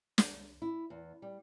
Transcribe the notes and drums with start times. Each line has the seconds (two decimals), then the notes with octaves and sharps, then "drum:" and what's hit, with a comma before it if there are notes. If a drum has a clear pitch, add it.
0.18 drum: snare
0.62 E4
0.90 E2
1.22 G3